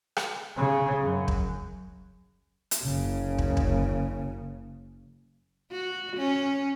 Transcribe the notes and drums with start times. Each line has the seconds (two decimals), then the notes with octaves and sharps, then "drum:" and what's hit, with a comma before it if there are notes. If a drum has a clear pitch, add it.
0.16 drum: rim click
0.57 C#3
1.01 F#2
1.28 drum: kick
2.71 drum: hi-hat
2.83 F#1 C#3
3.38 drum: kick
3.57 drum: kick
5.72 F#4
6.17 C#4